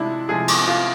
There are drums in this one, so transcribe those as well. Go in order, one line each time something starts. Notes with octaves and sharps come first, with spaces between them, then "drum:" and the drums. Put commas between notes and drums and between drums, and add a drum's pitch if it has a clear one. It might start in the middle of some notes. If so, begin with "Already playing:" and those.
Already playing: C3 F3 G#3 D4 E4
C3 F3 G#3 G#4
drum: cymbal
F4